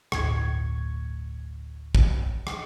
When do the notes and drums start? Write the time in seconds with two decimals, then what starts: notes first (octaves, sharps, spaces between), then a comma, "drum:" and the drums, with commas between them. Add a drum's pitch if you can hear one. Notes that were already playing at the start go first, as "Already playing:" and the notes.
0.12 G1 D2 A2 C#6 G#6, drum: rim click
1.95 drum: kick
2.47 drum: rim click